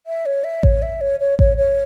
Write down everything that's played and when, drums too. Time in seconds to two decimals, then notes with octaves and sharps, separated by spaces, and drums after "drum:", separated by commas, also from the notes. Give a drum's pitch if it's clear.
0.07 E5
0.26 C#5
0.44 E5
0.63 C#5, drum: kick A1
0.82 E5
1.01 C#5
1.20 C#5
1.39 C#5, drum: kick A1
1.57 C#5